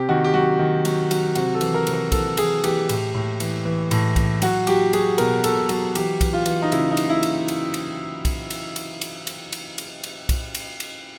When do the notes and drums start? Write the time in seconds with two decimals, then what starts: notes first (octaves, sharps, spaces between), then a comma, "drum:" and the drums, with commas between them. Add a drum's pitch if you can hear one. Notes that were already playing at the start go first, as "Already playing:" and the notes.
Already playing: C3 G4
0.09 D#3 F#4
0.24 G4
0.33 F#3 F#4
0.59 D#3
0.85 F#3, drum: cymbal
1.11 F#3, drum: cymbal
1.35 C3 F#4, drum: cymbal
1.54 A4
1.61 E3, drum: cymbal
1.74 A#4
1.87 C3, drum: cymbal
1.93 A#4
2.12 E3 A4, drum: kick B1, cymbal
2.37 E3 G#4, drum: cymbal
2.64 E3 G4, drum: cymbal
2.89 A2, drum: cymbal
3.14 A2
3.40 E3, drum: cymbal
3.65 E3
3.91 A2, drum: cymbal
4.16 E3, drum: kick B1, cymbal
4.42 F#3 F#4, drum: cymbal
4.67 F#3 G4, drum: cymbal
4.93 F#3 G#4, drum: cymbal
5.18 B2 A#4, drum: cymbal
5.44 B2 A4, drum: cymbal
5.69 F#3 A4, drum: cymbal
5.95 E3 G4, drum: cymbal
6.21 E3, drum: kick B1, cymbal
6.33 F4
6.46 E3, drum: cymbal
6.62 D#4
6.72 C#3 E4, drum: cymbal
6.91 D#4
6.97 C#3, drum: cymbal
7.09 E4
7.23 drum: cymbal
7.48 drum: cymbal
7.74 drum: cymbal
8.25 drum: kick B1, cymbal
8.50 drum: cymbal
8.76 drum: cymbal
9.01 drum: cymbal
9.27 drum: cymbal
9.52 drum: cymbal
9.78 drum: cymbal
10.04 drum: cymbal
10.29 drum: kick B1, cymbal
10.55 drum: cymbal
10.80 drum: cymbal